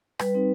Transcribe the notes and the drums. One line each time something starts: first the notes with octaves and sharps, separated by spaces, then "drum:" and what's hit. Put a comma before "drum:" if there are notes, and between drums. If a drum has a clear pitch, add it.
G3 B4, drum: rim click
C4 D#4